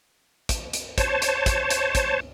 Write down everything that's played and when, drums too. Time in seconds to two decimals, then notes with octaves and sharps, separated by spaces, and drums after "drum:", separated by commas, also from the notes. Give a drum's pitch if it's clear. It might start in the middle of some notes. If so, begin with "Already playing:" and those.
0.49 drum: kick, hi-hat
0.73 drum: hi-hat
0.98 C5 C#5 A5, drum: kick, hi-hat
1.22 drum: hi-hat
1.46 drum: kick, hi-hat
1.70 drum: hi-hat
1.95 drum: kick, hi-hat